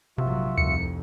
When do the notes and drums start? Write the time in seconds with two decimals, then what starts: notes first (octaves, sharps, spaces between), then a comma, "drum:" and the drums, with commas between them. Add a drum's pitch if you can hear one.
0.18 A#1 G#2 C3 F#3 F4 F#4 E5
0.58 F1 C2 F2 C#7, drum: tom D2